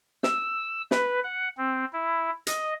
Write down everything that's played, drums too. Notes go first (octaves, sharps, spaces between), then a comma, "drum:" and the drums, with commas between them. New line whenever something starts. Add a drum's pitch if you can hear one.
E6, drum: snare
B4, drum: snare
F#5
C4
E4
D#5, drum: hi-hat